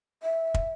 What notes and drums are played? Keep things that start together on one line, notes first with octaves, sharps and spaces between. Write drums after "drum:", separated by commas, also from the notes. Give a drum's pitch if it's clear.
E5
drum: kick